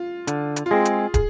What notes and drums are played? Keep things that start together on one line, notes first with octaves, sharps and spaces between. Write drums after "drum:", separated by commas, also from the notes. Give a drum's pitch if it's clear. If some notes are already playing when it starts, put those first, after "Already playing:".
Already playing: F4
D3, drum: hi-hat
drum: hi-hat
F4
G#3 C4 G#4
drum: hi-hat
G#4, drum: kick, hi-hat